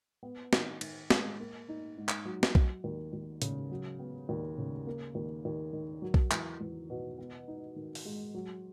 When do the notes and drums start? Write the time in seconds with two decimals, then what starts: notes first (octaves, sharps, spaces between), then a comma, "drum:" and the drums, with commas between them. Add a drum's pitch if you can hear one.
0.23 B3
0.53 D#3, drum: snare
0.81 D#3, drum: cymbal
1.10 G#3, drum: snare
1.40 A#3
1.69 D#4
1.97 G#2
2.09 drum: clap
2.25 F#3
2.43 drum: snare
2.55 F#3, drum: kick B1
2.84 D#2
3.13 D#2
3.42 C#3, drum: hi-hat
3.71 F#3
3.99 B3
4.29 D#2
4.58 C#3
4.87 A#3
5.15 D#2
5.45 D#2
5.73 D#3
6.02 F#3
6.14 drum: kick B1
6.31 E2, drum: clap
6.61 E2
6.90 B2
7.18 B3
7.48 D#4
7.76 D#3
7.95 drum: open hi-hat
8.05 G#3
8.35 F#3